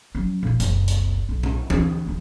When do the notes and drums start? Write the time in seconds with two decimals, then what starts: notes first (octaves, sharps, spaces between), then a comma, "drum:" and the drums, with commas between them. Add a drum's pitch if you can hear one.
0.15 F#3 C#4
0.43 A#2 A#3
0.60 F#1 C2, drum: hi-hat
0.88 drum: hi-hat
1.29 B1
1.43 drum: tom A#2
1.70 D2, drum: tom E3
2.06 D1 A1